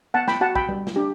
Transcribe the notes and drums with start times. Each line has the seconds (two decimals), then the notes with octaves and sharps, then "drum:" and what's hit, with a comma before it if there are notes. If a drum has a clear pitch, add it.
0.14 B3 F#5 A5
0.28 G5 B5, drum: snare
0.41 F#4 F#5 A5
0.55 G5 B5, drum: kick A#1
0.69 G3
0.87 drum: snare
0.96 D4 G4